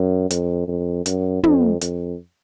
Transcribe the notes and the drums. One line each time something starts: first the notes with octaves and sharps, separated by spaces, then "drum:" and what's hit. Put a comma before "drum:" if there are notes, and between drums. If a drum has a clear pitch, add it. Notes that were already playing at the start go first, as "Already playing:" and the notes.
Already playing: F#2
F2, drum: hi-hat
F2
F#2, drum: hi-hat
F2, drum: tom
F2, drum: hi-hat